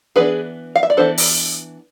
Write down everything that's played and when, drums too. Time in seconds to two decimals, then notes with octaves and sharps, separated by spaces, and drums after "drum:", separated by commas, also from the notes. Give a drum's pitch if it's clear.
0.16 E3 B3 D4 G#4 B4
0.76 F5
0.83 E5
0.90 D5
0.97 E3 B3 D4 A4 C5
1.18 drum: open hi-hat